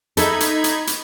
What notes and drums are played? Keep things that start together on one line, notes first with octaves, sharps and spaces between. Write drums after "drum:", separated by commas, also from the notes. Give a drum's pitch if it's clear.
D#4 A4 E5 B5 G#6, drum: hi-hat
drum: hi-hat
drum: hi-hat
drum: hi-hat